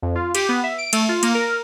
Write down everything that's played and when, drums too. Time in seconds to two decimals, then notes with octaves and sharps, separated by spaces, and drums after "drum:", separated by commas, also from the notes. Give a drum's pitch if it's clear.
0.02 F2
0.15 F4
0.35 G4, drum: cymbal
0.49 B3
0.64 E5
0.78 D7
0.93 A3, drum: cymbal
1.09 F4
1.23 A#3, drum: cymbal
1.35 A#4